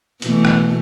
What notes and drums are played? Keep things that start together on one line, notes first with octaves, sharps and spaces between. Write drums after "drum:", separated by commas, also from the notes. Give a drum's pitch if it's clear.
B2 E3 A3, drum: hi-hat
drum: rim click